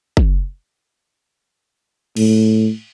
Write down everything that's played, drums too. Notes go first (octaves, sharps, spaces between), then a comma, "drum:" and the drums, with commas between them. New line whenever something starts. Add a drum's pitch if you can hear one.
drum: kick
A2, drum: cymbal